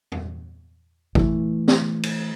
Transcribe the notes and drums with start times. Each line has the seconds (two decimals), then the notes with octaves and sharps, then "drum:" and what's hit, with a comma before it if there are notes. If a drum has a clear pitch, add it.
0.12 drum: tom E2
1.15 E3 A3, drum: kick G#1
1.68 drum: snare
2.03 drum: cymbal